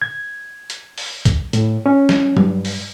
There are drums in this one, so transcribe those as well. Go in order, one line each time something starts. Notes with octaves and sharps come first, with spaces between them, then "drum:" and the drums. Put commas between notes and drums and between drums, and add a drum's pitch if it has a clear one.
G#6
drum: hi-hat
drum: open hi-hat
drum: kick B1, hi-hat
A2, drum: hi-hat
C#4
drum: snare
G2, drum: tom
drum: open hi-hat